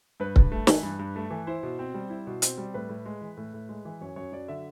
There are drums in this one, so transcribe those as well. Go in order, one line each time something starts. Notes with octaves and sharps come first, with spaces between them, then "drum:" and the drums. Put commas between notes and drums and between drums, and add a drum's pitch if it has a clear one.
G2 B4
G2, drum: kick C#1
A3
E3, drum: snare
G2
G2
A3
E3
E4 C5
B2
C4
G3
E4
B2
C4, drum: hi-hat
G3
A2 B4
A2
G#3
E3
A2
A2
G#3
E3
F#2 C#5
F#2 C#5
F#3 D5
D3 E5